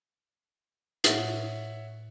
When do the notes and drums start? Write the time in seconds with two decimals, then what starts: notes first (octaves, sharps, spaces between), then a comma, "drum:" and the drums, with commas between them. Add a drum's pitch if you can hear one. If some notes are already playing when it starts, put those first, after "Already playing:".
1.04 A2 C#5 E5 F#5, drum: hi-hat